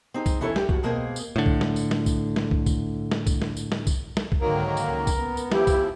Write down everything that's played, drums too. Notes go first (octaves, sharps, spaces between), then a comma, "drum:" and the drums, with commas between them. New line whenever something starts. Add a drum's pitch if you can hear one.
C4 D#4 G4 G#4
drum: kick, tambourine
E3 C#4 E4 A4 C#5
G4, drum: snare
D#2 F#4, drum: kick
B2 G#3 A#3 C4 G#4
drum: tambourine
A2 D3
drum: kick
drum: snare
drum: tambourine
drum: snare
drum: kick, tambourine
drum: snare
drum: kick
drum: kick, tambourine
drum: snare
drum: kick, tambourine
drum: snare
drum: tambourine
drum: snare
drum: kick, tambourine
drum: snare
drum: kick
G#2 D3 D#3 F#3 A#3 A#4
drum: tambourine
C#2
drum: kick, tambourine
B3
drum: tambourine
E3 F3 E4 G4, drum: snare
drum: kick, tambourine